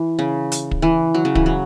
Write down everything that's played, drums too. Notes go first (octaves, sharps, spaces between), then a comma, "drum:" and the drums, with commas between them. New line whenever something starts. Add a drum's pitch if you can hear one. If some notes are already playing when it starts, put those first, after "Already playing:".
Already playing: E3
C#3
drum: hi-hat
drum: kick
E3
F#3
C#3
E3, drum: kick
F#3